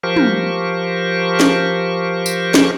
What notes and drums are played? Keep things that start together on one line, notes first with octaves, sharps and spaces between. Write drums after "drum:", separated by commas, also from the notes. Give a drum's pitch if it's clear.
F3 G4 A#4 C5 C#6
drum: tom
drum: snare
drum: tambourine
drum: snare